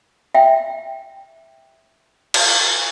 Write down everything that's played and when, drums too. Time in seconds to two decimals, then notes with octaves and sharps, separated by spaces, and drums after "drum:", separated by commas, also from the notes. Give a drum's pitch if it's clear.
0.35 E5 G5
2.34 drum: cymbal